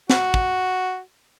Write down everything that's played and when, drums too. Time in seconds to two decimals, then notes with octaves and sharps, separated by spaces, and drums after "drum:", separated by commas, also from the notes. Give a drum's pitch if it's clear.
0.10 F#4, drum: snare
0.34 drum: kick